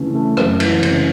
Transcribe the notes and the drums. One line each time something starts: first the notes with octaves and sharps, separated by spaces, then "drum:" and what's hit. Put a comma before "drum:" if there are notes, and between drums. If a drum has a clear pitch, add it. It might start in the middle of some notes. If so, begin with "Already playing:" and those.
Already playing: C#3 E3 A3 C#4
A3
F#2, drum: rim click
E3, drum: cymbal
C#3, drum: cymbal